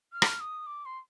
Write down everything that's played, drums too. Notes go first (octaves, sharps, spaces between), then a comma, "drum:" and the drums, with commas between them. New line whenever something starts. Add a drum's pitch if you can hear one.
F6
drum: rim click
D#6
D6
C6